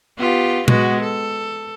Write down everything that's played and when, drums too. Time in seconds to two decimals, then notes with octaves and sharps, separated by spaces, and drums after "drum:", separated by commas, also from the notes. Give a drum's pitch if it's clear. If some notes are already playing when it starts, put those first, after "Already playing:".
0.18 B3 F4 G4
0.68 G#3 B3 F#4, drum: tom A#2
1.00 A4